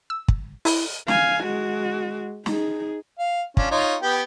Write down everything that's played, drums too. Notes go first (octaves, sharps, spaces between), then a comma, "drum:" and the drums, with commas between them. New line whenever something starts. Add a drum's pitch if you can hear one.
E6
drum: kick
E4, drum: open hi-hat
F5 G#5, drum: snare
G#3 F#4
D#4 G#4, drum: snare
F5
C#4 D4 F4, drum: kick
D#4 F4 C#5
B3 G4 G5